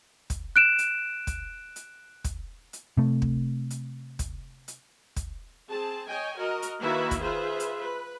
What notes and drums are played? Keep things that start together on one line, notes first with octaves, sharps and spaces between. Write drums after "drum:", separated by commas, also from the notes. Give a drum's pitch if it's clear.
drum: kick, hi-hat
F#6 D7 E7
drum: hi-hat
drum: kick, hi-hat
drum: hi-hat
drum: kick, hi-hat
drum: hi-hat
C3 A3
drum: kick
drum: hi-hat
drum: kick, hi-hat
drum: hi-hat
drum: kick, hi-hat
C4 G#4 A5
C#5 D#5 G5 G#5
F#4 A#4 D#5
drum: hi-hat
D#3 A#3 E4 F#4 B4 E5
drum: kick, hi-hat
F4 G#4 B4 C5 E5
drum: hi-hat
B4